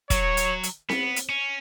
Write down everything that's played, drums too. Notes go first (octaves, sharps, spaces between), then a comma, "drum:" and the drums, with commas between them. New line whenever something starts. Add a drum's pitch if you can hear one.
F#3 C#5, drum: kick, hi-hat
drum: hi-hat
drum: hi-hat
B3, drum: snare C4
drum: hi-hat
C#4